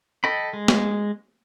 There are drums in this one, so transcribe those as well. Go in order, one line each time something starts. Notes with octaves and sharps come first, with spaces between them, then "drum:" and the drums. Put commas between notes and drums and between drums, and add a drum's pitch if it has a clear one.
A4 D#5 G5 B5
G#3
drum: snare